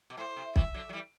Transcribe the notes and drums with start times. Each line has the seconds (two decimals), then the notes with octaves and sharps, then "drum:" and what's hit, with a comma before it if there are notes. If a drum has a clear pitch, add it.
0.10 B2
0.18 A2 C5
0.36 C3
0.56 C3 E3 E5, drum: kick
0.74 D3 F#3
0.89 F#3
0.93 E3 G3